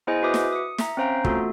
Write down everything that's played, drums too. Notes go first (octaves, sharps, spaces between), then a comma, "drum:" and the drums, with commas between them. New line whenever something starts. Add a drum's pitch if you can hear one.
B3 E4 G#4 C5 D#5 G#5
F#4 B4 E5 D6 D#6
drum: snare
D#6 C#7
E5 A#5, drum: snare
C4 C#4 C5 F5 A#5 D7
A3 B3 F4 F#4 A4, drum: kick